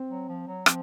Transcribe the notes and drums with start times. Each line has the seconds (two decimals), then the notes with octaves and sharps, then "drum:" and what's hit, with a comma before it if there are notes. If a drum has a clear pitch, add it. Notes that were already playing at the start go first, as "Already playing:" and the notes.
Already playing: C4
0.10 F#3
0.29 F3
0.48 F#3
0.66 F3 C4, drum: rim click